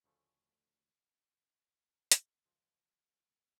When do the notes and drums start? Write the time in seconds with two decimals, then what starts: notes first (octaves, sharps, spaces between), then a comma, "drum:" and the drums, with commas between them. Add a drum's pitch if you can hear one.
0.04 D2 C#3 F3 A3 C#4
2.12 drum: hi-hat
2.46 C#2 C#3 F3